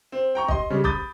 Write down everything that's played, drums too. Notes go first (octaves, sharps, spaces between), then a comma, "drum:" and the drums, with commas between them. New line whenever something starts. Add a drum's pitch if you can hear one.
C4
G5 A#5 C#6
D#5 C6, drum: kick
C#3 G3 C#4
B5 D6 D#6 G6 A6, drum: kick